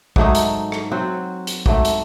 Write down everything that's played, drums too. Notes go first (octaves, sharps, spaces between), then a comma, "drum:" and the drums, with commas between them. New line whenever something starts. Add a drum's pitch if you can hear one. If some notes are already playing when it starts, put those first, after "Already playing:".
G#2 F#3 A3 D#4, drum: kick
drum: hi-hat
drum: rim click
F#3 C4 F#4
drum: hi-hat
G#2 F#3 A3, drum: kick
drum: hi-hat